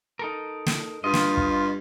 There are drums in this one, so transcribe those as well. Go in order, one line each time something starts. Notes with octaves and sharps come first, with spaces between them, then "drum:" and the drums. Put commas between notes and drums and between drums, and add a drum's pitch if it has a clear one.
D#4 A4 A#4
drum: snare
G2 F4 D#5
drum: snare
drum: kick